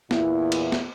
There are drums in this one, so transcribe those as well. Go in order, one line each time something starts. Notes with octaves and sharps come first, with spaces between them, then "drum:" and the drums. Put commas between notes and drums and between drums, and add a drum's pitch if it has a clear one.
E2 A#2 E4, drum: snare
drum: cymbal
drum: snare